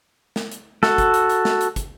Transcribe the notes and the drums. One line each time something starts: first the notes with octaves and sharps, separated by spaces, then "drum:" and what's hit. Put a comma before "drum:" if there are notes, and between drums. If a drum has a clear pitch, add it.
drum: snare
drum: hi-hat
F#4 A4, drum: snare
drum: kick, hi-hat
drum: hi-hat
drum: hi-hat
drum: snare
drum: hi-hat
drum: kick, hi-hat